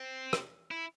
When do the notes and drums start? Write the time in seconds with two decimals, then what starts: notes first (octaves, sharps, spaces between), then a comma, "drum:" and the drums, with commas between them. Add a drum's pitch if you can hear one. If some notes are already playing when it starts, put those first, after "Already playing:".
Already playing: C4
0.33 drum: rim click
0.71 E4